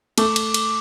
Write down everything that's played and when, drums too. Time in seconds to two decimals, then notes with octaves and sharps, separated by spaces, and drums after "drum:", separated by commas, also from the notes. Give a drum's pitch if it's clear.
0.18 A3 D6, drum: cymbal
0.36 drum: cymbal
0.54 drum: cymbal